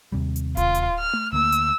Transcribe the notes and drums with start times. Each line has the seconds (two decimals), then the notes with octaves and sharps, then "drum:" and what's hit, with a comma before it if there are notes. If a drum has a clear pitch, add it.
0.12 D#2 C3 G3
0.36 drum: hi-hat
0.57 F4, drum: kick D1, hi-hat
0.75 drum: hi-hat
0.99 F6
1.13 drum: tom A3
1.33 D2 A#3 E6
1.52 drum: hi-hat